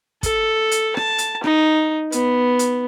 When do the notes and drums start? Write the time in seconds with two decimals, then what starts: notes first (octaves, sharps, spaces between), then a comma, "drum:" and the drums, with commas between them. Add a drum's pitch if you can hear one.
0.23 A4, drum: kick, hi-hat
0.71 drum: hi-hat
0.97 A5, drum: rim click
1.18 drum: hi-hat
1.44 D#4, drum: rim click
2.12 B3, drum: hi-hat
2.59 drum: hi-hat